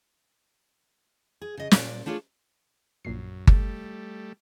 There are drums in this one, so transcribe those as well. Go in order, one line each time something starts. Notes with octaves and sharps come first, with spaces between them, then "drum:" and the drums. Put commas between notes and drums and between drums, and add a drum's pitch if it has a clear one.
G#4
C#3 D#5
A#2 D5, drum: snare
A3 D4 F4 G#4 C#5
A#1 F#2 A#2 C7
G3 A3, drum: kick G1